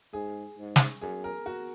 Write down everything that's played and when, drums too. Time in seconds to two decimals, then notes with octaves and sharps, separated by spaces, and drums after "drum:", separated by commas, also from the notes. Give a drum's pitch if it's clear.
0.13 G#2 G#4
0.57 G#2
0.76 drum: snare
1.01 F#2 G#4
1.24 A#4
1.46 F#4